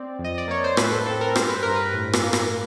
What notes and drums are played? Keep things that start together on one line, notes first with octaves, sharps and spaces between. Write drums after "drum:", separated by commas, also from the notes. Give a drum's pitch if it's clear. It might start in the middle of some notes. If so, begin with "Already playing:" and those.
Already playing: C4 D5
F2
D#5
D5
A#3 C#5
C5
A2 B4, drum: rim click
A4
C4 A4
A#4
G2 C5, drum: rim click
B4
G2 A#4
B4
A2
drum: rim click
A#3
drum: rim click